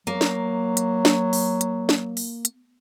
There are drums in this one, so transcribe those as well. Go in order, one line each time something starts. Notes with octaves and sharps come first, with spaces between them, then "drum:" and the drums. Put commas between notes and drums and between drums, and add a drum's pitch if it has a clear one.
F#3 A#3
drum: snare
drum: hi-hat
drum: snare
drum: open hi-hat
drum: hi-hat
drum: snare
drum: open hi-hat
drum: hi-hat